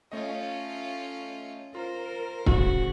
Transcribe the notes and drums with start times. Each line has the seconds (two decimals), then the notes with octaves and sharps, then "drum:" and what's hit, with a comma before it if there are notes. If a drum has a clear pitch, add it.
0.12 A3 C#4 F4 D#5
1.75 F4 A#4 C5
2.46 A2 C#3 F#4, drum: kick